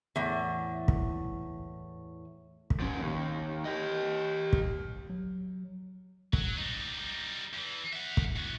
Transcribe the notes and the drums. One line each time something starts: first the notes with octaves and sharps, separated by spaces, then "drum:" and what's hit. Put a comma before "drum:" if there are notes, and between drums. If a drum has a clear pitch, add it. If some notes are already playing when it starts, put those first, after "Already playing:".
E2 A2
drum: kick
drum: kick
F3 C#4
D#2
G4 D#5
drum: kick
F#3
F#3, drum: kick
G3 D#4
E2 E3
E5 F#5
drum: kick
E3 F#4